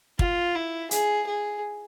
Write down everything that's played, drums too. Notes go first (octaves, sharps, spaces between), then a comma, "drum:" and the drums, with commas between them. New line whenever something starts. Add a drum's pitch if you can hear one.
F4, drum: kick
E4
G#4, drum: hi-hat
G#4